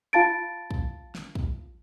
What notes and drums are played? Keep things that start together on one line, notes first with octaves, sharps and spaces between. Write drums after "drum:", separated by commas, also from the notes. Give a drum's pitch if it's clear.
F4 F5 A5 A6 D7
drum: kick
drum: snare
drum: kick